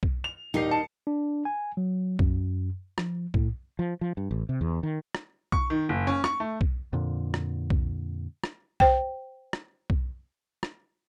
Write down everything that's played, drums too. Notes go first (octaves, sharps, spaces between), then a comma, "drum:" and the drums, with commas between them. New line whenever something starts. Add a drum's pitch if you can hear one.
drum: kick B1
F7
D#1 D#4 G4 A#4 D#5 C7
A5 C#7
D4
G#5
F#3
F#2, drum: kick B1
F3, drum: rim click
A2, drum: kick B1
F3
F3
G2
A1
C3
E2
D#3
drum: rim click
C#6, drum: kick B1
D#3
F#1
C#4
C#6, drum: rim click
A3
drum: kick B1
F2 A#2 D3
drum: rim click
drum: kick B1
drum: rim click
C5 G5, drum: kick B1
drum: rim click
drum: kick B1
drum: rim click